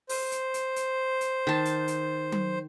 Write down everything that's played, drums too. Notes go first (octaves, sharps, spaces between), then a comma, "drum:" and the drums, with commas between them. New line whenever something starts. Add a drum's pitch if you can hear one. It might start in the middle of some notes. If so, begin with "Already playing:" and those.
C5, drum: open hi-hat
drum: hi-hat
drum: hi-hat
drum: hi-hat
drum: hi-hat
D#3 A5
drum: hi-hat
drum: hi-hat
drum: tom F#3